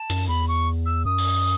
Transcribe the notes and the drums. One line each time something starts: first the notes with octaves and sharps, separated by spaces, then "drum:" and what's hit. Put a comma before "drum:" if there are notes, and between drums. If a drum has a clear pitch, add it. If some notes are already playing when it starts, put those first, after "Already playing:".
Already playing: A5
F#2, drum: hi-hat
E2 B5
C#6
E6
F#2 D#6
drum: open hi-hat